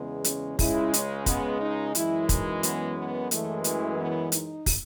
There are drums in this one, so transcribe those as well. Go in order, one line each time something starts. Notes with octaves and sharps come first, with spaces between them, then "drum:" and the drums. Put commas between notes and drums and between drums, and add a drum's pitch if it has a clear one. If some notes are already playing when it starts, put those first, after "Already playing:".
Already playing: E2 C#3 G#3 B3
C#4, drum: hi-hat
C#2 C#3 G#3 E4, drum: kick, open hi-hat
C#4, drum: hi-hat
B3, drum: kick, hi-hat
D#4
F#2 E3 G#3 E4, drum: hi-hat
D#4, drum: kick, hi-hat
B3, drum: hi-hat
B3
F#2 E3 G#3 A3, drum: hi-hat
A3, drum: hi-hat
B3
D#4, drum: hi-hat
drum: kick, open hi-hat